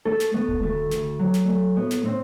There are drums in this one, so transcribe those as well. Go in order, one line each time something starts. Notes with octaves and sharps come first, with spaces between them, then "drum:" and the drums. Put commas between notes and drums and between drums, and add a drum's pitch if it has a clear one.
A3 A4
drum: snare
A3 B3
drum: kick D#1
D2 A3
D2, drum: snare
F#3
drum: snare
A3
A2 B3
drum: snare
A2 C4